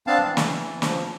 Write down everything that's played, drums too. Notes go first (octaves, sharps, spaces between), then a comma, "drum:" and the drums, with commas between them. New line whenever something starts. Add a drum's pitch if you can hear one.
B3 C4 D4 F5 A5
E3
drum: snare
F3, drum: snare